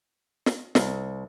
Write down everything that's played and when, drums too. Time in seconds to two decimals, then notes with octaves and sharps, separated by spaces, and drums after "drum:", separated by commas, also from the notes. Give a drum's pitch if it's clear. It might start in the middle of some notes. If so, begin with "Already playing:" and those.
0.46 drum: snare
0.75 C2, drum: snare